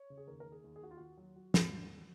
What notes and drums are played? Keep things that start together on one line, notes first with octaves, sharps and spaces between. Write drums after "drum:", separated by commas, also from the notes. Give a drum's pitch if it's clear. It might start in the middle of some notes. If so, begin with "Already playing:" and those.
Already playing: C#5
C#3
G#4
D#2 A#4
A#4
D#2
G#4
D#2
G#4
D#2 F#4
F4
D#2 F#4
F#3
F#3
F#3, drum: snare
D#2